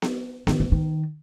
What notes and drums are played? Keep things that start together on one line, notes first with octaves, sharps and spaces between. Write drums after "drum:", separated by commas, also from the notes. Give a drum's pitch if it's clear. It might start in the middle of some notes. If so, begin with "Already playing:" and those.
drum: snare B3
D#3, drum: snare B3
E3
D#3